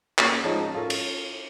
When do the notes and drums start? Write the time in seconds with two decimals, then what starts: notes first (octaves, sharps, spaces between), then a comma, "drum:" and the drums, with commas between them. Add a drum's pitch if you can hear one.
0.18 A#3 C#4 F#4 G#4, drum: clap
0.44 F3 G#3 C#4 D#4 C5 D#5
0.61 A5
0.74 C#4 F4 A4 A#4
0.90 drum: cymbal